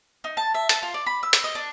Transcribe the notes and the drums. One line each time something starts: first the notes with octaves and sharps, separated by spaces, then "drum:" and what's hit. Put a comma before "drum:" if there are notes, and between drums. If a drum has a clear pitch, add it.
D#4
A5
E5
A5, drum: hi-hat
F4
D5
B5
E6
drum: hi-hat
D#5
D4